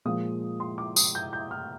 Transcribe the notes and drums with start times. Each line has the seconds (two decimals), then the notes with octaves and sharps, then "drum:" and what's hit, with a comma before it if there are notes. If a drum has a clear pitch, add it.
0.05 A#2 F3 G#3 D#6
0.60 C6
0.78 D6
0.96 D#6, drum: tambourine
1.15 G6
1.33 G6
1.51 F6